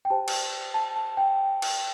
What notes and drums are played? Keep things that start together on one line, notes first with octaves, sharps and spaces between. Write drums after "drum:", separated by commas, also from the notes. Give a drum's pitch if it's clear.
G5
G4 C5 A5
drum: cymbal
A5
A5
G5
drum: cymbal